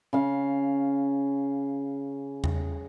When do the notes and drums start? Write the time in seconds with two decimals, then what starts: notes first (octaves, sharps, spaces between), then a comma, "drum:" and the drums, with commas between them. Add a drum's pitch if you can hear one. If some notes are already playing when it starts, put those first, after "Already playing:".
0.13 C#3 F5
2.44 drum: tom E2